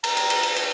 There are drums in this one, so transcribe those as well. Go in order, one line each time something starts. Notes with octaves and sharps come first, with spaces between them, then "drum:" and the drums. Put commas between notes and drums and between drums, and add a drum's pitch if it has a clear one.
A#5, drum: cymbal
drum: cymbal
drum: cymbal
drum: cymbal
drum: cymbal